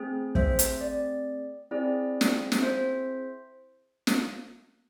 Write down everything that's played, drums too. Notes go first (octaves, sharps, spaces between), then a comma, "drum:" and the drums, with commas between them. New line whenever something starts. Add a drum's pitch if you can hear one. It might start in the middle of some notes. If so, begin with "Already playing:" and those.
Already playing: A3 C4 G#4
C5 E5, drum: kick
drum: hi-hat
D5
C4 E4 G#4 D5
drum: snare
drum: snare
C5 E5
drum: snare